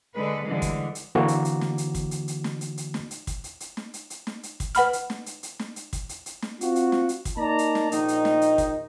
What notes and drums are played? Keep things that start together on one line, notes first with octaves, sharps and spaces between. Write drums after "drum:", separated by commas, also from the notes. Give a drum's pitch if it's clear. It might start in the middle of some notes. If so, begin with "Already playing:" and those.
D3 G#3 A4 B4
D3 E3 G3 G#3
drum: kick, hi-hat
drum: hi-hat
D3 E3 A#3 F#4
drum: hi-hat
drum: hi-hat
drum: snare
drum: hi-hat
drum: kick, hi-hat
drum: hi-hat
drum: hi-hat
drum: snare
drum: hi-hat
drum: hi-hat
drum: snare
drum: hi-hat
drum: kick, hi-hat
drum: hi-hat
drum: hi-hat
drum: snare
drum: hi-hat
drum: hi-hat
drum: snare
drum: hi-hat
drum: kick, hi-hat
B4 F#5 B5 F6, drum: hi-hat
drum: hi-hat
drum: snare
drum: hi-hat
drum: hi-hat
drum: snare
drum: hi-hat
drum: kick, hi-hat
drum: hi-hat
drum: hi-hat
drum: snare
C4 F4 F#4, drum: hi-hat
drum: hi-hat
drum: snare
drum: hi-hat
drum: kick, hi-hat
A#3 D#4 D5 A5 A#5
drum: hi-hat
drum: snare
A#1 D#3 D#4, drum: hi-hat
drum: hi-hat
drum: snare
drum: hi-hat
drum: kick, hi-hat